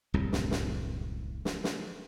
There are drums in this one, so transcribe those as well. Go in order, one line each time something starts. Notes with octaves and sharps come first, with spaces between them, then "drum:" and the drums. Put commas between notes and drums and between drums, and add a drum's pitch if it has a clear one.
D1 C2 F#2 A2
drum: snare
drum: snare
drum: snare
drum: snare